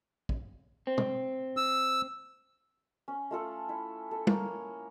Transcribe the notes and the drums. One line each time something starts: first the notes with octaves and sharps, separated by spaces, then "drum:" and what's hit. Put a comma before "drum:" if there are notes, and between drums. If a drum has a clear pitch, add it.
drum: kick
C4
drum: tom
E6
C#4
A3 F4 A4
E4
A4
A#3 C#5, drum: tom